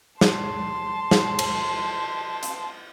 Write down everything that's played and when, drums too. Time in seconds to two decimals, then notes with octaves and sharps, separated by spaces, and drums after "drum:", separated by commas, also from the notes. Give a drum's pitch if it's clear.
0.21 A5 C6, drum: snare
1.11 drum: snare
1.39 drum: cymbal
2.43 drum: hi-hat